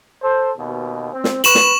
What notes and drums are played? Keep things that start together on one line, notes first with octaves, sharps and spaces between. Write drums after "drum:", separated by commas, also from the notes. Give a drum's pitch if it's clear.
A4 C5
D#2 B2
C4
drum: snare
B4 C#6 E7 F#7, drum: hi-hat
drum: snare